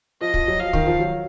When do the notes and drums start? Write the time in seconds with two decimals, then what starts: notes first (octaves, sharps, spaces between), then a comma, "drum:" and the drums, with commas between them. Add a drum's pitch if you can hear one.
0.21 F3 D#5
0.34 F3, drum: kick
0.48 F#3
0.60 F3 F5
0.73 D#3, drum: kick
0.87 F3
1.00 F#3